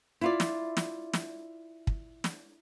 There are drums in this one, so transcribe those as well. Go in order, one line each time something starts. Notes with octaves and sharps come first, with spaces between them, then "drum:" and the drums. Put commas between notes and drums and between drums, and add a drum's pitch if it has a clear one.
E4 F4 D5
drum: snare
drum: snare
drum: snare
drum: kick
drum: snare